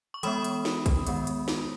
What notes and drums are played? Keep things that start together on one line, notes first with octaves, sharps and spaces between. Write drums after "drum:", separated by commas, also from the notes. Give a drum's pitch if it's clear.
C#6
E3 G#3 B3 B5 D#6, drum: hi-hat
drum: hi-hat
drum: snare
drum: kick A#1, hi-hat
D#3 G#3 B3, drum: hi-hat
drum: hi-hat
drum: snare